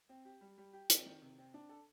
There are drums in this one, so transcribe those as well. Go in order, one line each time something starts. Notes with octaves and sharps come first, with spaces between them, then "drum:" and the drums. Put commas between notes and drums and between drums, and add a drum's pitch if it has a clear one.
C4
G4
G3
G3
G4
C4, drum: hi-hat
D#3
C3
C4
D4
A4